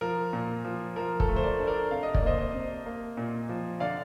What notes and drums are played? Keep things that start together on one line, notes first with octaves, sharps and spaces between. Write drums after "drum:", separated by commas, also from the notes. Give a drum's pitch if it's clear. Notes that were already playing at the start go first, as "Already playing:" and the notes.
F3 A#4
A#2
F3
F3 A#4
A4, drum: kick
A3
C5
A#4 D5
D4
A#4 D5
C3 F5
D#5
D5, drum: kick
A#3 C5 D#5
C5 D#5
C3
A#3
A#2
F3
D3 D5 F5